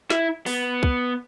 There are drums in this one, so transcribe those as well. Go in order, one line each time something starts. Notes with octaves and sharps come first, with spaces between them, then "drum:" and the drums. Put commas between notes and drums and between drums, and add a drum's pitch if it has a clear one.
E4, drum: snare
B3, drum: open hi-hat
drum: kick